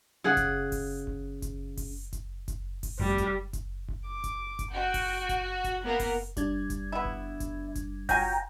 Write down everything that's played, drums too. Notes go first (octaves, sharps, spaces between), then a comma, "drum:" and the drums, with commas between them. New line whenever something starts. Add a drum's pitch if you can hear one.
C#3 G#4 F#5
drum: kick F#1, hi-hat
drum: kick F#1, open hi-hat
drum: kick F#1
drum: kick F#1, hi-hat
drum: kick F#1, open hi-hat
drum: kick F#1, hi-hat
drum: kick F#1, hi-hat
drum: kick F#1, open hi-hat
F1 G3
drum: kick F#1, hi-hat
drum: kick F#1, hi-hat
drum: kick F#1
D6
drum: kick F#1, hi-hat
drum: kick F#1, hi-hat
F#4 F#5 G5
drum: kick F#1, open hi-hat
drum: kick F#1, hi-hat
F#5
drum: kick F#1, hi-hat
A#3 B3 A#4
drum: kick F#1, open hi-hat
G3 D4 G#6, drum: kick F#1, hi-hat
drum: kick F#1, hi-hat
B3 E4
drum: kick F#1
drum: kick F#1, hi-hat
drum: kick F#1, hi-hat
F#3 F4 G5 G#5 A#5, drum: kick F#1, open hi-hat